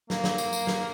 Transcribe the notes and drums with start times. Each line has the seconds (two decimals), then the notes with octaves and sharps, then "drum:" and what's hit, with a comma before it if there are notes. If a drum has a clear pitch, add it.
0.10 A#3, drum: snare
0.24 drum: snare
0.38 drum: tambourine
0.53 drum: tambourine
0.67 drum: snare